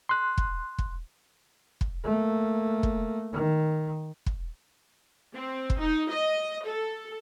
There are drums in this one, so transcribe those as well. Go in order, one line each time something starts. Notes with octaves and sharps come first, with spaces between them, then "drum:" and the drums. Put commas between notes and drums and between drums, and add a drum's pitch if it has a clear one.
C6 F#6
drum: kick
drum: kick
drum: kick
A3 A#3
drum: kick
D#3
drum: kick
C4
drum: kick
D#4
D#5
A4